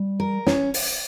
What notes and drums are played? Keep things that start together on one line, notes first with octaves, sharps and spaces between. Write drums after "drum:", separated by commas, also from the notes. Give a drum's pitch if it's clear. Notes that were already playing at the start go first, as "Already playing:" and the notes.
Already playing: G3
A#4
C#4, drum: snare
drum: open hi-hat